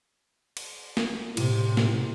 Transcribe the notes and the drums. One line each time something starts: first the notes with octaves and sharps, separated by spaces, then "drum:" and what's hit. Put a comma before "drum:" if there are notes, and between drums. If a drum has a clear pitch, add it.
drum: cymbal
drum: snare
A2 C3, drum: cymbal
drum: snare